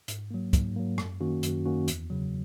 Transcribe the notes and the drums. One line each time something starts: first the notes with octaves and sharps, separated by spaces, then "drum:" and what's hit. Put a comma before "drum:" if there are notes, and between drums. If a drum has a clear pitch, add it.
G#2, drum: hi-hat
F#3 A#3
G#2, drum: kick, hi-hat
F#3 A#3
F#2, drum: rim click
D#3 A#3 C#4 F#4
F#2, drum: hi-hat
D#3 A#3 C#4 F#4
E2, drum: hi-hat
C#3 F#3